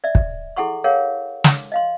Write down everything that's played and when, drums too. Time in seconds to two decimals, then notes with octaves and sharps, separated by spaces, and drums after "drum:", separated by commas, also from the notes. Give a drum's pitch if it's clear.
0.04 D5 E5
0.15 drum: kick
0.57 E4 G#4 A4 F#5 C6 C#6
0.84 G#4 A#4 C#5 F5 F#5
1.44 drum: snare
1.72 D#5 F5 C6